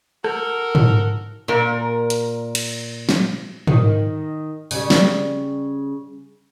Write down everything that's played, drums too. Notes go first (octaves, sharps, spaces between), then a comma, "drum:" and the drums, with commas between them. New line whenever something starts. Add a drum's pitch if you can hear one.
F#4 A4 A#4, drum: rim click
drum: tom G#2
A#2 A#4
drum: hi-hat
drum: cymbal
drum: snare
D#3, drum: tom G#2
C#3 G3, drum: open hi-hat
drum: snare